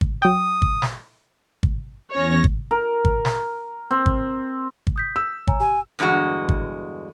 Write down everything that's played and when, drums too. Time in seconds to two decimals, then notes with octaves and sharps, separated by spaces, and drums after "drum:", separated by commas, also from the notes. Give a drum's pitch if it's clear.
0.01 drum: kick
0.22 F#3 G5 D#6
0.62 drum: kick
0.82 drum: snare
1.63 drum: kick
2.11 E2 C#4 C#5 A#6
2.44 drum: kick
2.71 A#4
3.05 drum: kick
3.25 drum: snare
3.91 C4
4.06 drum: kick
4.87 drum: kick
4.96 D#6 G6 B6
5.16 E6
5.47 C#5 G#5 A#5, drum: kick
5.60 G4 G#5
5.99 E2 G2 D3 G#3 F#4
6.49 drum: kick